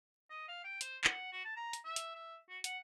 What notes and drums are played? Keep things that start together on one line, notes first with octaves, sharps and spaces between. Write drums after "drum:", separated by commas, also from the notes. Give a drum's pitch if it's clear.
D#5
F5
G5
C5, drum: hi-hat
F#5, drum: clap
F#4
A5
A#5
drum: hi-hat
E5
drum: hi-hat
E5
F#4
F#5, drum: hi-hat